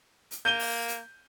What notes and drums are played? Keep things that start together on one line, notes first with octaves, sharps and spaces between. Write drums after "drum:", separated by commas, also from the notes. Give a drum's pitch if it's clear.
drum: hi-hat
A#3 G6 D#7 G7
drum: open hi-hat
drum: hi-hat